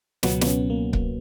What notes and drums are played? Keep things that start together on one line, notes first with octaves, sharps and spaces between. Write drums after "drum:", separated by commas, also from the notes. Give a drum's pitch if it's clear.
C#2 B2 F#3 B3, drum: snare
B3, drum: snare
C#4
A#3
A#3, drum: kick C#1